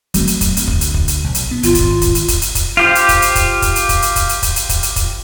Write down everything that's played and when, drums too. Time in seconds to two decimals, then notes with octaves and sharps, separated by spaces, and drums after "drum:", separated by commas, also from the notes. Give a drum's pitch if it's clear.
0.14 F#3 A3 C4, drum: kick, hi-hat
0.27 drum: hi-hat
0.41 drum: kick, hi-hat
0.57 D2, drum: hi-hat
0.68 drum: kick
0.81 drum: hi-hat
0.94 drum: kick
1.08 drum: hi-hat
1.24 B1
1.35 drum: hi-hat
1.51 B3
1.63 G#1 F4, drum: hi-hat
1.75 drum: kick, hi-hat
2.01 drum: kick, hi-hat
2.15 drum: hi-hat
2.28 drum: kick, hi-hat
2.42 drum: hi-hat
2.55 drum: kick, hi-hat
2.77 F4 G4 C5
2.95 drum: hi-hat
3.09 drum: kick, hi-hat
3.22 drum: hi-hat
3.35 drum: kick, hi-hat
3.62 drum: kick, hi-hat
3.76 drum: hi-hat
3.89 drum: kick, hi-hat
4.02 drum: hi-hat
4.16 drum: kick, hi-hat
4.29 drum: hi-hat
4.43 drum: kick, hi-hat
4.56 drum: hi-hat
4.69 drum: kick, hi-hat
4.83 drum: hi-hat
4.96 drum: kick, hi-hat